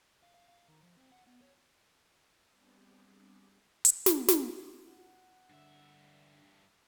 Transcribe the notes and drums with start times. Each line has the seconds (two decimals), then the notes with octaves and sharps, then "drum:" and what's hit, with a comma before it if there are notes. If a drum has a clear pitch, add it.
0.22 F5
0.34 F5
0.48 F5
0.68 D#3
0.83 F3
0.97 C4
1.12 F#5
1.27 B3
1.42 C#5
2.52 G3 B3 C4 D4 G4 G#4
3.85 drum: hi-hat
4.06 drum: snare
4.28 drum: snare
4.85 F#5
5.50 G2 D3 E5